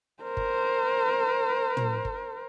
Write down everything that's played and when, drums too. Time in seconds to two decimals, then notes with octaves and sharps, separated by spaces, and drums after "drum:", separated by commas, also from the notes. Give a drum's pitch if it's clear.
0.23 A#4 C5
0.37 drum: kick G1
1.77 drum: tom
2.05 drum: kick G1